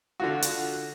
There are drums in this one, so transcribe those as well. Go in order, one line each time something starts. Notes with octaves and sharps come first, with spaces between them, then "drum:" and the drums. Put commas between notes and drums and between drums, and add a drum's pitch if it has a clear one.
D3 F4 F#4
drum: hi-hat